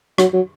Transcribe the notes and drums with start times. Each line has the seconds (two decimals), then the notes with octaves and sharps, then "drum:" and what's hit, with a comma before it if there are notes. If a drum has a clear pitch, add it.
0.18 F#3, drum: rim click
0.33 F#3